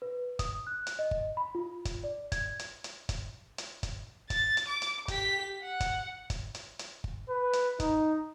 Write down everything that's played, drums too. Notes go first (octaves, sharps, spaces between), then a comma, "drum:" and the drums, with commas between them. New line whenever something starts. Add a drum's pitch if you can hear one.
B4
D#6, drum: kick, hi-hat
F#6
drum: hi-hat
D#5
drum: kick
B5
F4
drum: kick, hi-hat
D5
G#6, drum: kick, hi-hat
drum: hi-hat
drum: hi-hat
drum: kick, hi-hat
drum: hi-hat
drum: kick, hi-hat
A6, drum: kick, hi-hat
drum: hi-hat
D6
drum: hi-hat
G4 B6, drum: kick, hi-hat
F#5
drum: kick, hi-hat
drum: kick, hi-hat
drum: hi-hat
drum: hi-hat
drum: kick
B4
drum: hi-hat
D#4, drum: kick, hi-hat